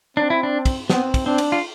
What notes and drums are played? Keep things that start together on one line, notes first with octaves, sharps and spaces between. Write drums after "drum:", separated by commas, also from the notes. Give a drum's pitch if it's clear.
C4 D4
E4
D4
drum: kick, cymbal
B3 C4, drum: snare
drum: kick, cymbal
C4 D4
drum: cymbal
F4